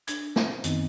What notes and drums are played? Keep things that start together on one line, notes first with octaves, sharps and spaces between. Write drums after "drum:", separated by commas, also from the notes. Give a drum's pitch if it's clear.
D4 G#6, drum: hi-hat
drum: snare
F#2 D#3 B3 C4 D#4, drum: hi-hat